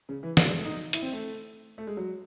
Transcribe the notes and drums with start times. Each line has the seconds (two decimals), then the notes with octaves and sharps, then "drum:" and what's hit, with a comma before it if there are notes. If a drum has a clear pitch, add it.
0.09 C#3
0.23 E3
0.37 F#3, drum: snare
0.47 G#3
0.55 A3
0.65 D#4
0.93 E4, drum: hi-hat
1.02 C4
1.12 A3
1.78 A3
1.87 G#3
1.97 F#3